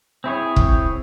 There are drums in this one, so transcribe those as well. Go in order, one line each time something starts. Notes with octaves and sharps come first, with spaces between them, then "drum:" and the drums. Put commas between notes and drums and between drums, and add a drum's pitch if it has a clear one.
C4 E4 G#4 C#5
drum: kick